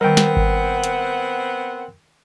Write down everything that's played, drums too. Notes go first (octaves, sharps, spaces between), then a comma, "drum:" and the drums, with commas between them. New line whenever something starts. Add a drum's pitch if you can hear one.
D#3 G3 B3 C4 A#4 F#5 G5
drum: snare
drum: kick G#1
drum: hi-hat